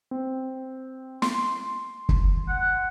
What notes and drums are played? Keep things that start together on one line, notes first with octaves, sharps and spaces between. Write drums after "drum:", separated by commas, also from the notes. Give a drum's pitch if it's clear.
C4
C6, drum: snare
drum: kick
F#5